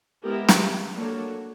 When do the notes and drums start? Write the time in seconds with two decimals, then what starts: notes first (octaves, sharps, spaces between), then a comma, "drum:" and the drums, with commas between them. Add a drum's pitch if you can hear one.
0.25 G#3 B3 E4 G4 A#4
0.49 drum: snare
0.96 A#3 D4 F#4 A4 C#5